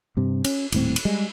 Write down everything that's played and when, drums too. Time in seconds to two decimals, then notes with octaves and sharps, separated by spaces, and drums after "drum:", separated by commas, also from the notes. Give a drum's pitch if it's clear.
0.17 G2 C3
0.44 C#4, drum: cymbal
0.72 D#1 A2 C4, drum: cymbal
0.96 drum: cymbal
1.05 G3 G#3